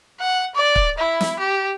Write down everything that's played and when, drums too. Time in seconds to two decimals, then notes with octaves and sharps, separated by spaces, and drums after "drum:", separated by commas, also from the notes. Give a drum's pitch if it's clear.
0.20 F#5
0.55 D5
0.75 drum: kick
0.98 E4
1.21 drum: snare
1.39 G4